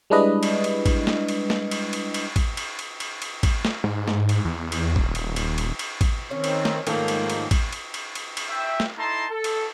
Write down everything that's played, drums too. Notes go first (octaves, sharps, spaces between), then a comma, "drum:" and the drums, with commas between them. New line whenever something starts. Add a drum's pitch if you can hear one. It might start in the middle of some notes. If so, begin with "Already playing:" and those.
G3 G#3 D4 E4 B4 D#5
drum: cymbal
drum: cymbal
drum: kick, cymbal
drum: snare
drum: cymbal
drum: snare
drum: cymbal
drum: cymbal
drum: cymbal
drum: kick, cymbal
drum: cymbal
drum: cymbal
drum: cymbal
drum: cymbal
drum: kick, cymbal
drum: snare
G#2
drum: snare
drum: cymbal
E2
drum: cymbal
D#1, drum: kick
drum: cymbal
drum: cymbal
drum: cymbal
drum: cymbal
drum: kick, cymbal
D#3 C4 C#4 C#5
drum: cymbal
drum: snare
G#2 D#3 F3 A3 A#3, drum: cymbal
drum: cymbal
drum: cymbal
drum: kick, cymbal
drum: cymbal
drum: cymbal
drum: cymbal
drum: cymbal
E5 G5
drum: snare
D#4 E4 A4 A5 A#5 C6
A4
drum: cymbal